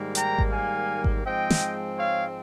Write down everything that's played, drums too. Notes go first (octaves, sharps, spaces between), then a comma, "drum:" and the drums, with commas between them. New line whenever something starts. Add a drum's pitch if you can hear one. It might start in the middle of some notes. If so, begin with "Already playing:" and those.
Already playing: G#2 D#3 G3 A#3
G5 A#5, drum: hi-hat
drum: kick G#1
F5 G#5
drum: kick G#1
G#2 F3 G#3 C4 D#5 G5
drum: snare
C#5 F5